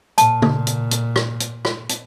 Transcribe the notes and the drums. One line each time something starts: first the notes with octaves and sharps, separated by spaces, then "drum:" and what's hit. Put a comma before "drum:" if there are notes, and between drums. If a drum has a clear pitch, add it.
A#2 A5, drum: hi-hat
drum: tom C#3
drum: hi-hat
drum: hi-hat
drum: rim click
drum: hi-hat
drum: rim click
drum: hi-hat